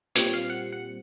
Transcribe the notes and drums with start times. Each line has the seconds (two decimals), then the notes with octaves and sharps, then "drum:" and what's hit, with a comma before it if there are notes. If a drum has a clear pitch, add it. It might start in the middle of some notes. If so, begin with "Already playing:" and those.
0.15 A#2 G3 C4 C#5, drum: hi-hat
0.34 F5
0.50 F#5
0.72 F#5